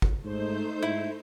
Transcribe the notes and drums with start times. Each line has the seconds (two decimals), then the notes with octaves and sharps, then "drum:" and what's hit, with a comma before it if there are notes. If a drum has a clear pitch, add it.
0.02 drum: kick
0.24 G#2 A3 D#4 C5 G6
0.83 G#2 E4